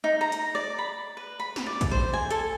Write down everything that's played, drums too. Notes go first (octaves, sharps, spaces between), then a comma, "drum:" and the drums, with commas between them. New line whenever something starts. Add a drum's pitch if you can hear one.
D#4
A#5
drum: hi-hat
D5
B5
B4
B5
drum: snare
D5
drum: kick, hi-hat
C5
G#5
A4, drum: hi-hat